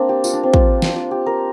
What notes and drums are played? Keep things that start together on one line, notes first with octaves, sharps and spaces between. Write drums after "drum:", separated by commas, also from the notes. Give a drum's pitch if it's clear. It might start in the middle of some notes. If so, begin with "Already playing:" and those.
Already playing: A#3 C4 D4
G4
F4, drum: tambourine
D4
C4
F4, drum: kick
drum: snare
G4
A#4